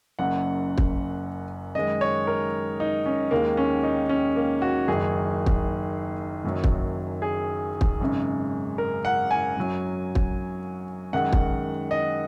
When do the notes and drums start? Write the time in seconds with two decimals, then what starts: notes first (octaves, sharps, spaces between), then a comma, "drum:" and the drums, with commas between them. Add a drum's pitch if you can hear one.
0.19 F#1 F#2 C#3 F#5
0.78 drum: kick
1.75 F#2 D#3 G#3 D#5
2.01 C#5
2.27 A#4
2.80 D#4
3.06 C#4
3.31 D#2 D#3 G#3 A#3
3.57 C#4
3.83 D#4
4.09 C#4
4.36 A#3
4.62 F#4
4.88 F#1 F#2 D#3 G#4
5.46 drum: kick
6.44 F#1 F#2 D#3 F#3
6.64 drum: kick
7.22 G#4
7.81 drum: kick
8.01 G#1 F#2 C#3 G#3
8.78 A#4
9.05 F#5
9.31 G#5
9.57 F#2 F#3
10.15 drum: kick
11.13 F#2 D#3 G#3 F#5
11.33 drum: kick
11.91 D#5